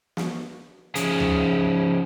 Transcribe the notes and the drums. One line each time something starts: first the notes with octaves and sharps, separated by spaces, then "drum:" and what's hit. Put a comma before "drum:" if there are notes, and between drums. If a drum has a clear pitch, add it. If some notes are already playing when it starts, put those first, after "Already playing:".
drum: snare
F3 C#4 G#4, drum: hi-hat
drum: tom D2